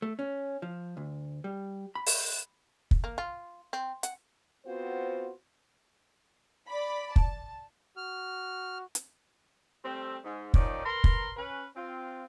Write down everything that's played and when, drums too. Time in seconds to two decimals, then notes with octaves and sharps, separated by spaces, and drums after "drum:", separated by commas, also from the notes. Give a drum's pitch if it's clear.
0.02 A3
0.19 C#4
0.62 F3
0.97 D2
1.44 G3
1.95 B5
2.07 drum: open hi-hat
2.91 drum: kick
3.04 A#3
3.18 F4
3.73 C4
4.03 F#5, drum: hi-hat
4.66 B3 C4 F4 F#4 C5
6.69 D5 B5
7.16 A5, drum: kick
7.97 F#4 F6
8.95 drum: hi-hat
9.84 G3 A3 C4
10.24 G#2
10.54 D#3 F3 C#4 D#4 D5, drum: kick
10.85 A#4 B4 A#5 C6
11.04 drum: kick
11.37 C#4 B4
11.75 C4 F4